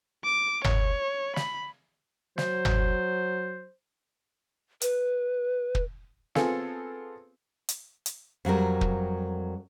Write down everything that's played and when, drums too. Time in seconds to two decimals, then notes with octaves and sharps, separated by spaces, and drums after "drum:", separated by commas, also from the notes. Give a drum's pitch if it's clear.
0.25 D6
0.64 C#5, drum: tom G1
1.36 B5, drum: snare
2.38 F#3 C5, drum: snare
2.65 drum: tom G1
4.81 B4, drum: hi-hat
5.75 drum: kick
6.35 B3 C4 F4 G#4 A4, drum: snare
7.69 drum: hi-hat
8.06 drum: hi-hat
8.45 F2 F#3 G3 A#4
8.81 drum: kick